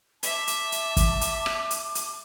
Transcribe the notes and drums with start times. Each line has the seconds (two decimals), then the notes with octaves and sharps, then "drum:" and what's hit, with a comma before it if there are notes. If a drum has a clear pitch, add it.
0.23 E5 A5 D6, drum: hi-hat
0.47 drum: hi-hat
0.72 drum: hi-hat
0.97 drum: kick, hi-hat
1.21 drum: hi-hat
1.46 drum: rim click
1.71 drum: hi-hat
1.95 drum: hi-hat